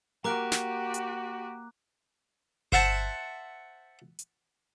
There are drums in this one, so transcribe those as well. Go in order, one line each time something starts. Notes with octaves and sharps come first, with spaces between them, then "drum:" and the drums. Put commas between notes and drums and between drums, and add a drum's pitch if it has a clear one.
A#3 F#4 G4 A#5 D6 F#6
drum: snare
drum: hi-hat
C5 E5 F#5 A5, drum: kick G1
drum: hi-hat